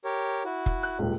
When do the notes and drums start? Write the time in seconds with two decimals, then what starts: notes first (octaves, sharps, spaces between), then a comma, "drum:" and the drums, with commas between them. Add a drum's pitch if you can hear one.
0.04 G4 A#4 C#5
0.45 E4 F#4
0.66 drum: kick F1
0.83 F#6
0.99 D#1 C#2